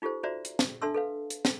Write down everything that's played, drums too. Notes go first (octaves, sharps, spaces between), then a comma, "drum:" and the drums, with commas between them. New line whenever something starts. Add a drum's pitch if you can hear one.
D#4 F4 G4 A4 C5
F#4 C5 D5 E5 A#5
drum: hi-hat
drum: snare
D4 A4 E5 A5 C6 E6
A4 B4 F5
drum: hi-hat
drum: snare